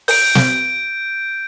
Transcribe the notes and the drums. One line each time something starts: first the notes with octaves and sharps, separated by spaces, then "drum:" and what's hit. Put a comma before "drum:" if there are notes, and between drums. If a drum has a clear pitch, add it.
G6 D7, drum: open hi-hat
drum: snare